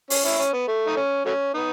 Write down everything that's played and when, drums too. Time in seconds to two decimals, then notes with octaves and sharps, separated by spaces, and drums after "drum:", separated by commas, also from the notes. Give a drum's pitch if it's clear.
0.10 C#4, drum: open hi-hat
0.25 C#4 E4
0.39 C#4
0.53 B3
0.68 A3
0.87 D#4
0.96 C#4
1.25 F#3 A3 C#4
1.54 B3 D#4